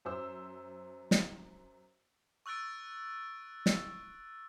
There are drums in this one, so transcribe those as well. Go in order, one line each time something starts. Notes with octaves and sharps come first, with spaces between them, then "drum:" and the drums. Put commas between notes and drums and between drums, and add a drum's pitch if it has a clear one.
F#2 C5 E6
drum: snare
C#6 E6 F#6 A6 D7
drum: snare